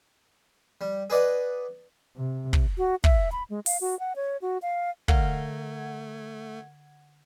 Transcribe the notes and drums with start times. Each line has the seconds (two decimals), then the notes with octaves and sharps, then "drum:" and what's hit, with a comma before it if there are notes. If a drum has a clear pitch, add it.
0.81 G3
1.10 G#4 B4 D5 D#5 F#5
2.17 C3
2.53 drum: kick
2.78 F#4
3.04 E5, drum: kick
3.32 B5
3.50 G#3
3.66 F5, drum: open hi-hat
3.81 F#4
4.00 F#5
4.16 C#5
4.42 F#4
4.62 F5
5.08 D3 A3 A#4 F5 F#5 G#6, drum: kick